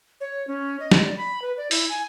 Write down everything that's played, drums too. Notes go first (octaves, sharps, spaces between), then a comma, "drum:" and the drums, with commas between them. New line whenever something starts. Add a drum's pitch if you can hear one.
C#5
C#4
D#5
drum: snare
D5
B5
B4
D5
E4, drum: open hi-hat
G#5